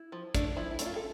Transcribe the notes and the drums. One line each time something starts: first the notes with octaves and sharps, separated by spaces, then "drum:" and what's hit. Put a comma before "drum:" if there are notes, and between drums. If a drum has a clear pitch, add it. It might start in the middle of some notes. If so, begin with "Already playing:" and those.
Already playing: E4
F3
A3 D4, drum: kick, hi-hat
F3 E4
E4
A3 D4, drum: hi-hat
F4
A4